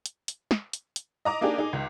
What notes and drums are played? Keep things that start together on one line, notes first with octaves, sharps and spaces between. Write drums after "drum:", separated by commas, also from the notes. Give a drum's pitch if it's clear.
drum: hi-hat
drum: hi-hat
drum: snare
drum: hi-hat
drum: hi-hat
D#5 A#5 D6
A#3 D4 D#4 G4 G#4 A#4
D#4 G#4
C#2